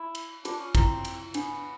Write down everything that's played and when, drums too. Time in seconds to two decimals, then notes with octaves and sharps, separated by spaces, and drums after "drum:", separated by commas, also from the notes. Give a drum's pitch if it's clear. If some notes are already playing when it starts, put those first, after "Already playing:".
Already playing: E4
0.15 drum: cymbal
0.45 D4 F4, drum: cymbal
0.59 C#4
0.75 C4 E4, drum: kick, cymbal
1.05 drum: cymbal
1.34 B3 D4, drum: cymbal